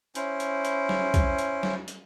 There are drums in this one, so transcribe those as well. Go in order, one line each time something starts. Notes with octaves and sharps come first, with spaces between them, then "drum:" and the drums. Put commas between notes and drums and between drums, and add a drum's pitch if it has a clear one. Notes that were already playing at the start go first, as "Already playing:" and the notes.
C#4 E4 C5, drum: hi-hat
drum: hi-hat
drum: hi-hat
drum: snare
drum: kick, hi-hat
drum: hi-hat
drum: snare
drum: hi-hat